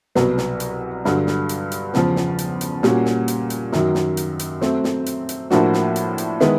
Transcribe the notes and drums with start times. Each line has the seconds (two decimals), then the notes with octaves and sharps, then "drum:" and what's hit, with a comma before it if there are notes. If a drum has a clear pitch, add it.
0.15 C2 B2 F#3 B3, drum: snare
0.38 drum: snare
0.60 drum: hi-hat
1.05 G2 D3 F#3, drum: snare
1.27 drum: snare
1.49 drum: hi-hat
1.72 drum: hi-hat
1.94 E2 C#3 F3, drum: snare
2.16 drum: snare
2.38 drum: hi-hat
2.61 drum: hi-hat
2.83 A#2 G3 A#3 C#4 F#4, drum: snare
3.05 drum: snare
3.28 drum: hi-hat
3.50 drum: hi-hat
3.72 F#2 D#3 F#3, drum: snare
3.95 drum: snare
4.17 drum: hi-hat
4.39 drum: hi-hat
4.61 F#3 A3 C4, drum: snare
4.84 drum: snare
5.06 drum: hi-hat
5.29 drum: hi-hat
5.50 A2 F3 A#3 D4 F#4, drum: snare
5.73 drum: snare
5.96 drum: hi-hat
6.18 drum: hi-hat
6.40 D#3 G#3 B3 E4, drum: snare